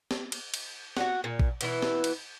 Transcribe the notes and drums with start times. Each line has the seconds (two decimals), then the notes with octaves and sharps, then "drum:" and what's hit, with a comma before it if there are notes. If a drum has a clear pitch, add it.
0.11 drum: snare
0.32 drum: cymbal
0.54 drum: cymbal
0.97 F#4 F#5, drum: snare
1.24 A#2
1.39 drum: kick A#1
1.61 B2 E3 E4, drum: cymbal
1.82 drum: snare
2.04 drum: cymbal